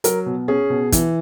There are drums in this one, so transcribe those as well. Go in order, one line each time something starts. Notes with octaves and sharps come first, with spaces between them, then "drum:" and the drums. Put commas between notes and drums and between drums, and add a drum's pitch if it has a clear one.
F#3 A#4, drum: hi-hat
B2
C#4 G#4
B2
E3, drum: kick, hi-hat